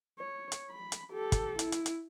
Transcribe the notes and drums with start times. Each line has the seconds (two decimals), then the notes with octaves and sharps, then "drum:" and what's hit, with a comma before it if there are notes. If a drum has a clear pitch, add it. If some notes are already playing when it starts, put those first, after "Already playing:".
0.19 C#5
0.52 drum: hi-hat
0.70 B5
0.92 drum: hi-hat
1.13 G4 A4
1.32 drum: kick, hi-hat
1.59 E4, drum: hi-hat
1.72 drum: hi-hat
1.86 drum: hi-hat